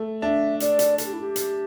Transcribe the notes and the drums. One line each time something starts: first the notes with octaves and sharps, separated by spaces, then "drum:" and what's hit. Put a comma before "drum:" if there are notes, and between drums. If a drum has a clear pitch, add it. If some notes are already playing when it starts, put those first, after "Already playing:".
Already playing: A3
D4 E5
D5, drum: hi-hat
drum: hi-hat
A4, drum: hi-hat
G4
E4
G4
drum: hi-hat